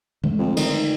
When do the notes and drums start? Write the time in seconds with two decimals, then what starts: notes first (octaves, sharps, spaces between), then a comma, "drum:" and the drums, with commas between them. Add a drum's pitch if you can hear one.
0.23 D3 G#3 A3
0.39 F2
0.57 D#3, drum: cymbal